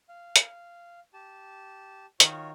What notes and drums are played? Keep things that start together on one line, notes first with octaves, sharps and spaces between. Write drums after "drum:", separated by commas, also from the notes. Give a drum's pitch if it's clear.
F5
drum: hi-hat
G4 A5
D#3 F4 F#4 C#5, drum: hi-hat